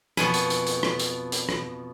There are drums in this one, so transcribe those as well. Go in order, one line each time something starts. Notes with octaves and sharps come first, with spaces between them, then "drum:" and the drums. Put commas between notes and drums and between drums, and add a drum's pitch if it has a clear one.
F2 B2 G#5, drum: rim click
drum: hi-hat
drum: hi-hat
drum: hi-hat
drum: rim click
drum: hi-hat
drum: hi-hat
drum: rim click